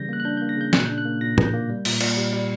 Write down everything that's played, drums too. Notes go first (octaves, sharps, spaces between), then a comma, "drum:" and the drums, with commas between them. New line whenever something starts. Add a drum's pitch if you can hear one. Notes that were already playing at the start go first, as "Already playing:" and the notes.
Already playing: C#3 E3 G3 G6 A#6
A#3 F#6
F#6
D4 G6
A#3 G6
A#6
C#3 G6
A#2 F#6, drum: snare
D4 G6
F#6
A#3
A#2 A#6
A#2, drum: tom
G6
A#3
G3
A#2, drum: open hi-hat
A#2, drum: cymbal
G3
G3